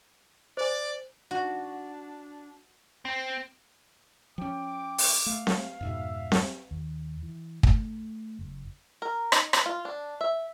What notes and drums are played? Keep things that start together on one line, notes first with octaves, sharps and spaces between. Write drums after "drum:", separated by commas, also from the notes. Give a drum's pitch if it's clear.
C5 D5 G#5
D4 F#4
C4
F3 C#4 G5 D6
drum: open hi-hat
A3 F5
drum: snare C4
F2 G#2 B2 E5
drum: snare C4
D#2
E3
A3, drum: kick
F#1
A#4
D#4, drum: rim click
B4, drum: rim click
F4
D4
E5